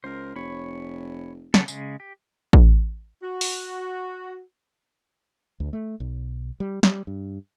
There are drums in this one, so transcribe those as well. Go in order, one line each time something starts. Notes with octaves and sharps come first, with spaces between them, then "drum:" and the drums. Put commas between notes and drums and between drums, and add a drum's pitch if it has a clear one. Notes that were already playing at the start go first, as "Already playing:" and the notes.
C#2 A#4 C5
F1 C#5 B5
C#3 B3 A4, drum: snare
C#3 G#3 G#4, drum: tambourine
G4
drum: kick A1
F#4
drum: open hi-hat
D2
A3
B1
G3
G3, drum: snare
G2